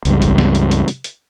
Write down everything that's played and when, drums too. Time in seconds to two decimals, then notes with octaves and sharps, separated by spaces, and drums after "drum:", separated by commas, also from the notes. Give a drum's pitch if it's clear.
0.05 C#2 G2, drum: hi-hat
0.22 drum: kick A1, hi-hat
0.38 drum: snare
0.55 drum: hi-hat
0.71 drum: hi-hat
0.88 drum: hi-hat
1.04 drum: hi-hat